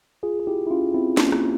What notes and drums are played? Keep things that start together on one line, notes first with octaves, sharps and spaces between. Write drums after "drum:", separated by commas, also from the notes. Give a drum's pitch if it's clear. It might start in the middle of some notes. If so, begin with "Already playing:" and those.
F4 G#4
G#4
E4 G4
E4
C#4 F4
C4 E4
A#3 C#4, drum: snare
drum: rim click